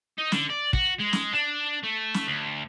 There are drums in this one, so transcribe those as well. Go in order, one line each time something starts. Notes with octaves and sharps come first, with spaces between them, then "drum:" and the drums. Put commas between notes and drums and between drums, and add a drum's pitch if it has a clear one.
D#4
D3, drum: snare
D5
F#4, drum: kick
G#3
drum: snare
D4
A3
drum: snare
D2